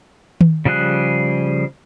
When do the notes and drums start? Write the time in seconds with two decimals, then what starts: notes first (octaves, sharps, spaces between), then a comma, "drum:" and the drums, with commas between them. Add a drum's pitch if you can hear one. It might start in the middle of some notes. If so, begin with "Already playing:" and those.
0.41 drum: tom D#3
0.65 C#3 F3 G3 G#4 F#6